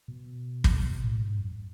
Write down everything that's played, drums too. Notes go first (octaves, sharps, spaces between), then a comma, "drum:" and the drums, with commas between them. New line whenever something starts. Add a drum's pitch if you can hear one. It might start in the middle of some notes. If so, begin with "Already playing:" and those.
B2
drum: kick
A2
G#2
F#2